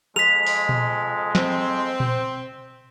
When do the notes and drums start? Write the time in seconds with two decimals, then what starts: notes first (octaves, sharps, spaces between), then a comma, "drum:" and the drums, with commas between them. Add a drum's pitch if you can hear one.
0.16 F2 G#3 B6 F7, drum: rim click
0.47 drum: open hi-hat
0.69 drum: tom A#2
1.35 C4, drum: snare
2.00 drum: tom A#2